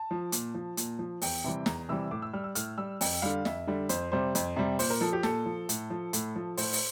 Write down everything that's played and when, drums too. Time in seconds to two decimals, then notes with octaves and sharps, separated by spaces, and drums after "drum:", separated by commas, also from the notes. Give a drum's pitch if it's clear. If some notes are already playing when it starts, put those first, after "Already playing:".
Already playing: A5
0.11 F3
0.32 A#2, drum: hi-hat
0.54 F3
0.77 A#2, drum: hi-hat
0.99 F3
1.22 E2 G5, drum: open hi-hat
1.44 C3 E3 G3
1.66 E2 A#5, drum: snare
1.89 C3 E3 G3 E6
2.11 A2 D6
2.22 E6
2.33 G3 F6
2.44 E6
2.55 A2 F6, drum: hi-hat
2.78 G3 E6
3.01 F2 G5, drum: open hi-hat
3.22 D3 G3 F5
3.45 F2 E5, drum: snare
3.67 D3 G3
3.89 F2 C5, drum: hi-hat
4.12 C3 G3 C5
4.35 F2, drum: hi-hat
4.56 C3 G3
4.79 A#2 C5, drum: open hi-hat
4.90 A#4
5.01 F3 A4
5.13 G4
5.23 A#2 A4, drum: snare
5.46 F3
5.69 A2, drum: hi-hat
5.90 F3
6.13 A2, drum: hi-hat
6.36 F3
6.57 A2 C5, drum: open hi-hat
6.73 drum: open hi-hat